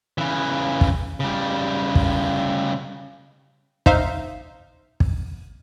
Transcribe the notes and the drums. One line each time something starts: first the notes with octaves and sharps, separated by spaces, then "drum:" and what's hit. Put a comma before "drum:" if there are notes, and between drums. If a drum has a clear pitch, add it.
C#3 E3
drum: kick
C#3 G3
drum: kick
D#4 C5 E5 F5, drum: kick
drum: kick